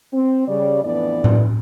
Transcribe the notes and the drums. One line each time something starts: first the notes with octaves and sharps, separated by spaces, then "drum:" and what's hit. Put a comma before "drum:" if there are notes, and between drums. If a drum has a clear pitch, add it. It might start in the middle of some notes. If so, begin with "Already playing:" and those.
C4
C#3 G3 D5
F2 A2 E3 B3 D4 D5
drum: tom A2